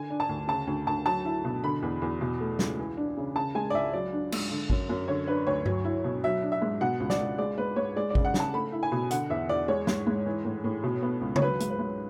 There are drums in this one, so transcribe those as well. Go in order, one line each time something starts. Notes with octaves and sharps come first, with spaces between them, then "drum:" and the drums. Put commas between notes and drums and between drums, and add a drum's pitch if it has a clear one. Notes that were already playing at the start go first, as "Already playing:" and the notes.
Already playing: D3 G#5
D4
A5
D2
C#3 A5
D2
D2 A5
F#3 A5
E4
B2
D3 B5
E2
E2
B2
A3
C#2, drum: snare
E3
D4
C#3
C#3 A5
G#3 G#5
D5
C#2 E5
F#3 D5
D4
G#2, drum: cymbal
D3
F#2, drum: kick G#1
F#2
D3 C#5
D4 B4
D2 C#5
F#3, drum: tom G2
E4
B2
F#3 E5
D4
E5
G#2
B2 F#5
C#2
D5, drum: snare
C#2
G#3 D5
G#2 B4
G#2 C#5
G#3 D5
D5
C#3, drum: kick G#1
F#5
C#3, drum: snare
A5
A3 B5
E4
G#5
B2
D3 F#5, drum: hi-hat
E2 E5
E2 D5
G#3 C#5
G#2, drum: snare
G#2
E3
A2
A2
B2
B3
C#2
C#5, drum: tom C#3
F#3 B4
G#2, drum: hi-hat
B4
G#2